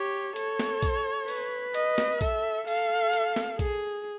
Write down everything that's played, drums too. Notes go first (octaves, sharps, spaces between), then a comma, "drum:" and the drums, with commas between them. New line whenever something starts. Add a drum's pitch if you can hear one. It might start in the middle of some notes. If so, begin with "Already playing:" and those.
Already playing: G4 C#5
A4 C#5, drum: hi-hat
drum: snare
drum: kick, hi-hat
B4, drum: open hi-hat
D#5, drum: hi-hat
drum: snare
A4 E5, drum: kick, hi-hat
A4 F5, drum: open hi-hat
drum: hi-hat
drum: snare
G#4, drum: kick, hi-hat